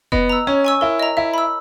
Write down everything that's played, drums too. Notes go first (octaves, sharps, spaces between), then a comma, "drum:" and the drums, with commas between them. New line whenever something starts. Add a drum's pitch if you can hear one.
B3 D#5, drum: kick F1
A#5 E6
C#4 C#5
G#5 C#6 E6
E4 A#4
D#5 A#5
E4 E5
B5 E6